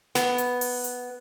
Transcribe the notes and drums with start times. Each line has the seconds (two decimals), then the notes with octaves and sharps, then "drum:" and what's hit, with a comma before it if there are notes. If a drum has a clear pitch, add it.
0.15 B3, drum: snare
0.38 drum: hi-hat
0.61 drum: open hi-hat
0.84 drum: hi-hat